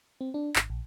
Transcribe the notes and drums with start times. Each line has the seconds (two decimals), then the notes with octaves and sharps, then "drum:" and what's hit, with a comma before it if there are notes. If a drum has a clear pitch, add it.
0.21 C4
0.34 D4
0.56 G#1, drum: clap
0.70 A#1